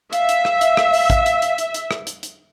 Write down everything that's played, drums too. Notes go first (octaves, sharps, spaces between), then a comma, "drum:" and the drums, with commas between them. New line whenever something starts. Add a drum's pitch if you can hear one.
E5 F5, drum: hi-hat
drum: hi-hat
drum: rim click
drum: hi-hat
drum: rim click
drum: open hi-hat
drum: kick, hi-hat
drum: hi-hat
drum: hi-hat
drum: hi-hat
drum: hi-hat
drum: rim click
drum: hi-hat
drum: hi-hat